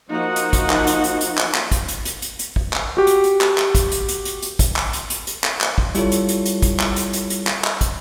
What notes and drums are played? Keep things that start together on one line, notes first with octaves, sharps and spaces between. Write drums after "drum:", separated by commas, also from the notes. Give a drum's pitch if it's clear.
F3 A#3 D#4 F#4 F#5
drum: hi-hat
drum: kick, hi-hat
drum: clap
drum: hi-hat
drum: hi-hat
drum: hi-hat
drum: clap
drum: clap
drum: kick, hi-hat
drum: hi-hat
drum: hi-hat
drum: hi-hat
drum: hi-hat
drum: kick
drum: clap
F#4 G4
drum: hi-hat
drum: hi-hat
drum: clap
drum: clap
drum: kick, hi-hat
drum: hi-hat
drum: hi-hat
drum: hi-hat
drum: hi-hat
drum: kick, hi-hat
drum: clap
drum: hi-hat
drum: hi-hat
drum: hi-hat
drum: clap
drum: clap
drum: kick
G3 E4 F4 A4 C#5, drum: hi-hat
drum: hi-hat
drum: hi-hat
drum: hi-hat
drum: kick, hi-hat
drum: clap
drum: hi-hat
drum: hi-hat
drum: hi-hat
drum: clap
drum: clap
drum: kick, hi-hat